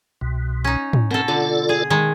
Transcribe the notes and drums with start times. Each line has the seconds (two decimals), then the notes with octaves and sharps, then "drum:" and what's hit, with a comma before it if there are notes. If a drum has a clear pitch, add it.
0.21 C2 B2
0.64 C#4 D#4
0.93 drum: tom
1.11 B2 C4 A4 A#4
1.28 D3 F4 A4 D5
1.69 G#4
1.90 D#3 G#3